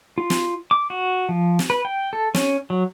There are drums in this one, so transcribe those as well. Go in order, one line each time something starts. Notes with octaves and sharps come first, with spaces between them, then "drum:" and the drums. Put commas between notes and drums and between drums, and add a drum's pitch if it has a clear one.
F4
drum: snare
D6
F#4
F3
drum: snare
B4
G5
A4
C#4, drum: snare
F#3